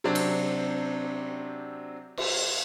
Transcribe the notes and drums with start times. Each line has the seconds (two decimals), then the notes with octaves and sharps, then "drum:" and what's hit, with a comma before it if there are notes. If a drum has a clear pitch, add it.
0.04 C3 F#3 C4 D4
0.15 drum: cymbal
2.17 drum: cymbal